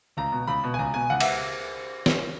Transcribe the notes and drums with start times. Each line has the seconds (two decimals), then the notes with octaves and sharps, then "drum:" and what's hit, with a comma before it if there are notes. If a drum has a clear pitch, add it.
0.17 C#2 A#5
0.32 B2
0.48 C#2 B5
0.64 B2
0.74 G#5
0.79 C#2 A#5
0.94 B2 G#5
1.10 C#2 F#5
1.20 E5, drum: cymbal
2.06 drum: snare